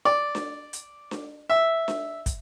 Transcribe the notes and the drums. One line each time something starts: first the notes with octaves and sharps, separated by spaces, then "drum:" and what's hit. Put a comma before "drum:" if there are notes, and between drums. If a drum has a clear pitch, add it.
D5
drum: snare D4
drum: hi-hat
drum: snare D4
E5
drum: snare D4
drum: kick, hi-hat